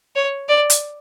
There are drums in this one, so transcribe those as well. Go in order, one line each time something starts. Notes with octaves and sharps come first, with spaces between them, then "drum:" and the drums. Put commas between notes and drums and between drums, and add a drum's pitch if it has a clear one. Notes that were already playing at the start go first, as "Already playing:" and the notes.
C#5
D5
drum: hi-hat